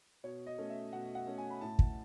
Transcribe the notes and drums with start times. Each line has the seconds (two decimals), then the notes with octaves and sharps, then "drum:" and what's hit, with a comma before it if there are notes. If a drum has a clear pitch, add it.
0.24 B2 C#5
0.46 D#5
0.58 A3 C#4
0.70 E5
0.93 B2 F#5
1.15 F#5
1.27 A3 C#4
1.38 G#5
1.50 B5
1.61 A2 A5
1.79 drum: kick